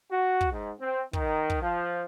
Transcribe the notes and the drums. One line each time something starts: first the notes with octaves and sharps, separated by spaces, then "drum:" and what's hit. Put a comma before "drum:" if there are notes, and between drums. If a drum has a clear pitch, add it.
F#4
drum: kick
G#2
C4
D#3, drum: kick
drum: kick
F3